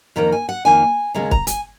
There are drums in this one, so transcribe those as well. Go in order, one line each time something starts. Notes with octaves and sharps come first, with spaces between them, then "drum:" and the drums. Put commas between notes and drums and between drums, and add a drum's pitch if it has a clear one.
F2 D#3 A#3 A#5
G#5
F#5
F2 D#3 A#3 G#5
D#2 C#3 G#3 B3 A#5
A#5, drum: kick
G#5, drum: hi-hat